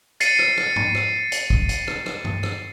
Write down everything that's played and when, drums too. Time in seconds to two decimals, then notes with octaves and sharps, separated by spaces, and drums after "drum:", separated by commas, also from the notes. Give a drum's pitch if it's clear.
0.20 A6 C7 C#7 D#7, drum: hi-hat
0.39 drum: rim click
0.58 drum: rim click
0.76 drum: tom G#2
0.95 drum: rim click
1.32 drum: hi-hat
1.50 drum: kick
1.69 drum: hi-hat
1.87 drum: rim click
2.06 drum: rim click
2.25 drum: tom G2
2.43 drum: rim click